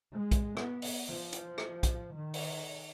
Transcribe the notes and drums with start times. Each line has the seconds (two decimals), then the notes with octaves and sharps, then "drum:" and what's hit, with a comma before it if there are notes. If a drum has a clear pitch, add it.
0.12 G#3
0.31 drum: kick, hi-hat
0.57 B3, drum: rim click
0.82 drum: open hi-hat
1.09 F3
1.33 drum: hi-hat
1.58 drum: rim click
1.83 drum: kick, hi-hat
2.16 D#3
2.34 drum: open hi-hat